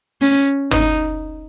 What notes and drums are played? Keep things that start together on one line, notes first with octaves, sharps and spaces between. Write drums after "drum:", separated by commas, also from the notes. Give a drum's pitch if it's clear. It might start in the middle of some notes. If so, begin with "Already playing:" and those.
C#4, drum: open hi-hat
D#4, drum: tom